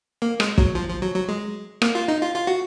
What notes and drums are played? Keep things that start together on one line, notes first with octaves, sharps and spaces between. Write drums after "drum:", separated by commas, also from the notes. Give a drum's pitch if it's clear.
A#3
G#3, drum: rim click
F#3, drum: kick
F3
F3
F#3
F#3
G#3
A#3, drum: rim click
F4
D#4
F4
F4
F#4